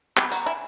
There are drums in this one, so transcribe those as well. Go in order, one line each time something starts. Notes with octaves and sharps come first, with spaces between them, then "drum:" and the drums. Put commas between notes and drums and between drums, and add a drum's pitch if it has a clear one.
G4 B5, drum: clap
F#4 A#5, drum: tambourine
E4 G#5